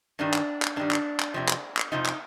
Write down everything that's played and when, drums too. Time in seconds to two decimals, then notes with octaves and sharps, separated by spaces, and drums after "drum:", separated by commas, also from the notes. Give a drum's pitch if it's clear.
0.19 G2 D#3 G3 D4
0.34 drum: clap
0.62 drum: clap
0.76 G2 D#3 G3 D4
0.91 drum: clap
1.20 drum: clap
1.34 F2 C3 F3
1.48 drum: clap
1.77 drum: clap
1.92 F2 C3 F3 D#4
2.06 drum: clap